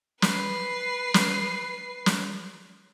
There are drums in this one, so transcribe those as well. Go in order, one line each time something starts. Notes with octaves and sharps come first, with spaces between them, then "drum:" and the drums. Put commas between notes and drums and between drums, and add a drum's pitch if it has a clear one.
B4 C7, drum: snare
drum: snare
drum: snare